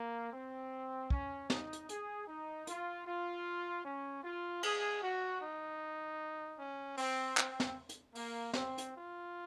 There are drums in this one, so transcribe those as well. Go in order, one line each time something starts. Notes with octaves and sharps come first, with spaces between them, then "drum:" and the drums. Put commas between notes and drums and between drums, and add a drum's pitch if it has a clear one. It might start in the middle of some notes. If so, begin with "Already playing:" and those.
Already playing: A#3
C4
C#4, drum: kick
D#4, drum: snare
drum: hi-hat
G#4, drum: hi-hat
D#4
F4, drum: hi-hat
F4
C#4
F4
G#4, drum: cymbal
F#4
D#4
C#4
C4, drum: open hi-hat
C4, drum: clap
drum: snare
drum: hi-hat
A#3, drum: open hi-hat
C4, drum: snare
drum: hi-hat
F4